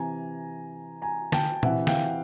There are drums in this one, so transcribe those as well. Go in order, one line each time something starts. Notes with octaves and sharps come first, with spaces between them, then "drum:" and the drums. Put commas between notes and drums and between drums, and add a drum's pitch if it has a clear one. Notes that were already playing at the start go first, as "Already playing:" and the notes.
Already playing: C3 E3 G#5 A#5
G#5 A#5
G5 A5, drum: snare D3
C3 E3 E5 F#5, drum: tom A#2
F5 G5, drum: snare D3